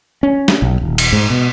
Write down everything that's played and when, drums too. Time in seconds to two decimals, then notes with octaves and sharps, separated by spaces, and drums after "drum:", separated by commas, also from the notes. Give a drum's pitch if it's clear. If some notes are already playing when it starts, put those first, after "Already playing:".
0.23 C#4
0.48 drum: snare
0.62 B1
0.81 D#1
0.98 drum: cymbal
1.13 G#2
1.30 B2